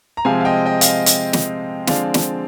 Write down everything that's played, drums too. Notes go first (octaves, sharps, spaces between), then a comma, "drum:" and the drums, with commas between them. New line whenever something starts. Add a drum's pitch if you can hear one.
A#5
C3 F3 G#3 C4 F5 G#5
F5
D#5 G5
D#5 G5
F5, drum: hi-hat
D#5
drum: hi-hat
drum: snare
D3 F3 G#3 C4 D5 F5, drum: snare
drum: snare